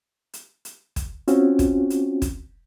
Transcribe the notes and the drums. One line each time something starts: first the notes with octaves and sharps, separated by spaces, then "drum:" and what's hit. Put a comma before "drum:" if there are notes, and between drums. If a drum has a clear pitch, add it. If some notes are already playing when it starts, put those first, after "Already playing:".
drum: hi-hat
drum: hi-hat
drum: kick, hi-hat
C4 C#4 F4 F#4, drum: hi-hat
drum: kick, hi-hat
drum: hi-hat
drum: kick, hi-hat